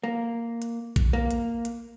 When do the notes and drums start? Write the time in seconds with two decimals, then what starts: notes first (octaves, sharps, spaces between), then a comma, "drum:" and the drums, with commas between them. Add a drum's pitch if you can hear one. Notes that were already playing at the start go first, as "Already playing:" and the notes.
0.03 A#3
0.62 drum: hi-hat
0.96 drum: kick A#1, hi-hat
1.13 A#3
1.31 drum: hi-hat
1.65 drum: hi-hat